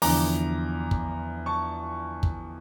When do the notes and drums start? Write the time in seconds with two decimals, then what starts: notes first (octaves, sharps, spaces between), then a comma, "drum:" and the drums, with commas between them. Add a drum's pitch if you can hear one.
0.02 E2 D3 F3 A#5 D6, drum: open hi-hat
0.91 drum: kick
1.46 A5 C#6
2.23 drum: kick